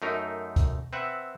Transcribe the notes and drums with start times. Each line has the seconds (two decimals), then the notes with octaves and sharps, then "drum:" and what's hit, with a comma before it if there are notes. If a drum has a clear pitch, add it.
0.02 F#2 A3 D#4 A#4
0.56 drum: kick, hi-hat
0.93 C4 B4 E5 F#5